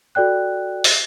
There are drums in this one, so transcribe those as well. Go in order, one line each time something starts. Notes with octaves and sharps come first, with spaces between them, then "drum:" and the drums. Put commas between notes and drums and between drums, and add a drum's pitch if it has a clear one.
F#4 A4 D5 G5 F#6
drum: open hi-hat